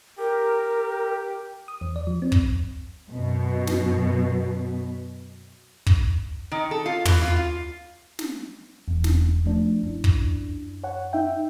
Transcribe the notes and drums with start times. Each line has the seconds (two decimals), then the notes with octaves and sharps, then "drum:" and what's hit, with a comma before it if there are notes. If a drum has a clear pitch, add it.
0.19 G4 A#4
1.68 D#6
1.81 E2
1.96 D5
2.07 F3
2.22 C4
2.32 drum: kick
3.11 F#2 B2
3.67 drum: snare
5.86 drum: kick
6.52 D#3
6.71 A4
6.86 F4
7.05 E3, drum: tom
7.22 F4
7.36 F4
8.19 drum: snare
8.88 E1 E2
9.04 drum: snare
9.46 F3 A3 D4
9.81 F#2 E4
10.04 drum: kick
10.83 C#5 F#5
11.13 D#4 E5 G5